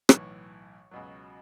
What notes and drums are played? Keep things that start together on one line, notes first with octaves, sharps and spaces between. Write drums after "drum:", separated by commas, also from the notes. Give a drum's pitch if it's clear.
B1 A2 E3 C#5, drum: rim click
C#2 B2 F#3